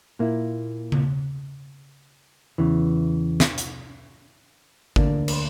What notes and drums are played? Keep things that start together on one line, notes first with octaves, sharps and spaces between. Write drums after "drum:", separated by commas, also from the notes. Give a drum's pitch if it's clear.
A#2 A#3 E4
drum: tom C#3
E2 C#3 E3
drum: snare
drum: hi-hat
D2 D3 A#3 D4, drum: kick G#1
drum: cymbal